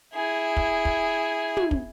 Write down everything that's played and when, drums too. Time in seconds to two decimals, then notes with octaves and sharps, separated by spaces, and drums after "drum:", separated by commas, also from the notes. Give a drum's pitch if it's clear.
0.14 E4 G#4
0.57 drum: kick
0.85 drum: kick
1.57 drum: tom
1.71 drum: kick